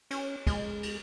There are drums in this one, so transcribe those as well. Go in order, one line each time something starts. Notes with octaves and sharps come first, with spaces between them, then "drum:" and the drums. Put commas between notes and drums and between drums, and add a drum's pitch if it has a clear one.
C#4, drum: cymbal
G#3, drum: kick, cymbal
drum: cymbal